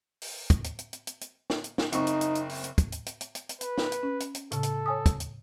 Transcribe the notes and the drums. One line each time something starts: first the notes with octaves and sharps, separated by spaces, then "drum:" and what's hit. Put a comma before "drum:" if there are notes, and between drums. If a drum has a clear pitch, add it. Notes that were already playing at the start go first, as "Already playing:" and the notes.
drum: open hi-hat
drum: kick, hi-hat
drum: hi-hat
drum: hi-hat
drum: hi-hat
drum: hi-hat
drum: hi-hat
drum: snare
drum: hi-hat
drum: snare
F#1 C4 D#4 C#6, drum: hi-hat
drum: hi-hat
drum: hi-hat
drum: hi-hat
drum: open hi-hat
drum: hi-hat
drum: kick, hi-hat
drum: hi-hat
drum: hi-hat
drum: hi-hat
drum: hi-hat
drum: hi-hat
B4, drum: hi-hat
drum: snare
drum: hi-hat
C#4
drum: hi-hat
drum: hi-hat
A2 C#3 A4, drum: hi-hat
drum: hi-hat
C#5 G#5 D#6
drum: kick, hi-hat
drum: hi-hat